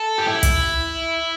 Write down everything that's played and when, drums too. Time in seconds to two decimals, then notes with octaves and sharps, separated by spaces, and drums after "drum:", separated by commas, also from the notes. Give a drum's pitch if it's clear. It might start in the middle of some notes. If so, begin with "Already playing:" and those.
Already playing: A4
0.18 G4
0.28 E4
0.43 drum: kick, hi-hat